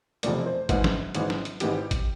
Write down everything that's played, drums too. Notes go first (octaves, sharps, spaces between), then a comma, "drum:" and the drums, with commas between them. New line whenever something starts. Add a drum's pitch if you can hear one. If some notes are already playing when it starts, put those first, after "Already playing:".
F1 E2 C3 F3 A3 D5, drum: hi-hat
C5
G#1 G#2 E3 G#3 B4, drum: kick G#1, hi-hat
drum: snare
G#1 G#2 E3 G#3, drum: hi-hat
drum: snare
drum: hi-hat
G#1 G#2 E3 G#3 G4, drum: hi-hat
drum: kick G#1, hi-hat